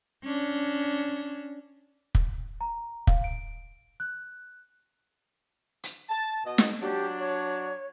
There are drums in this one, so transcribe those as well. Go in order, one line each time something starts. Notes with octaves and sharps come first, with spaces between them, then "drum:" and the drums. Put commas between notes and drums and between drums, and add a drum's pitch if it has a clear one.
C#4 D4
drum: kick
A#5
F5, drum: kick
D7
F#6
drum: hi-hat
A5
B2 D#5
drum: snare
F#3 D4 G4
C#5